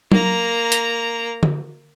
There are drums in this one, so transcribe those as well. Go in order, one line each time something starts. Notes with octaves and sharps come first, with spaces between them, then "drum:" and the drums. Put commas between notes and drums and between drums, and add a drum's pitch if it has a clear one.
A#3 A#5, drum: tom F#3
drum: hi-hat
drum: tom D3